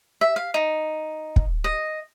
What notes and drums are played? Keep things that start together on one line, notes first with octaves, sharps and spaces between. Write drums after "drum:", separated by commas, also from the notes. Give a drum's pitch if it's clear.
E5
F5
D#4
drum: kick
D#5